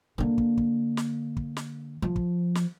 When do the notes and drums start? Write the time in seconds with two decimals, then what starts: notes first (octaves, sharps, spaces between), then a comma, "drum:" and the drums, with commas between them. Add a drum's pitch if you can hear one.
0.18 D3 A#3
0.38 drum: kick
0.58 drum: kick
0.97 drum: snare
1.37 drum: kick
1.57 drum: snare
2.02 F3
2.16 drum: kick
2.55 drum: snare